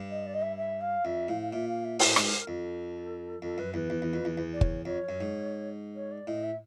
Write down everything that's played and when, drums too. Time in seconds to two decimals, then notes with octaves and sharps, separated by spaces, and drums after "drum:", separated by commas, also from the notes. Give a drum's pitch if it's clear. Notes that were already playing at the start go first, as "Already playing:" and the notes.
Already playing: G2
0.10 D#5
0.26 D5
0.34 D#5
0.42 E5
0.57 E5
0.81 F5
1.05 F2 E5
1.28 A2 F5
1.41 F5
1.52 A#2 E5
1.68 F5
1.84 E5
1.99 A2 E5, drum: open hi-hat
2.16 G#2, drum: rim click
2.24 A#4
2.39 A#4
2.47 F2 A4
3.42 F2 A4
3.58 F#2 B4
3.74 E2 B4
3.90 E2
4.02 E2
4.13 F2
4.25 E2
4.38 E2
4.54 D5
4.61 C#5, drum: kick
4.85 F2 C#5
5.09 F#2
5.21 G#2
5.95 C#5
6.11 D5
6.27 A2 D#5
6.43 E5